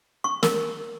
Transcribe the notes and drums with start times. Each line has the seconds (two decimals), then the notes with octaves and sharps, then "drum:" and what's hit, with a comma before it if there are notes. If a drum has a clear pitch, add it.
0.24 C#6
0.43 A#4, drum: snare